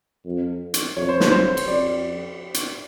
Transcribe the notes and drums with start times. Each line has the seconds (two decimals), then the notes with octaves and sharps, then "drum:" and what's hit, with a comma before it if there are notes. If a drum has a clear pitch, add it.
0.25 F2
0.74 drum: hi-hat
0.96 F2 C#5
1.09 C5
1.20 B4, drum: snare
1.31 F2 C5
1.57 drum: cymbal
1.67 F2 D5
2.54 drum: hi-hat